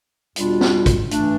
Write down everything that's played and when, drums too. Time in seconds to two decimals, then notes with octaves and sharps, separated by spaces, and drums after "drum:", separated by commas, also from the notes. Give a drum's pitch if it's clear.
0.36 E2 B2 G3 D4 F4, drum: hi-hat
0.61 drum: snare
0.86 drum: kick, hi-hat
1.11 G2 E3 A3 D4, drum: hi-hat